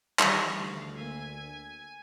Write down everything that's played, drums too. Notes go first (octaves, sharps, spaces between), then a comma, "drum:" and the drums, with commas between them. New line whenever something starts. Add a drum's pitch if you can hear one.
D#3 E3 G3 G5 C#6, drum: clap
D2 F5
A#3 G#5 E6 B6